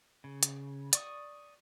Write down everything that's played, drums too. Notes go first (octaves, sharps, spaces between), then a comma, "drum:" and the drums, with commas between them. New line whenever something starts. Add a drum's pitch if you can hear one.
C#3
drum: hi-hat
D5 C#6 D#6, drum: hi-hat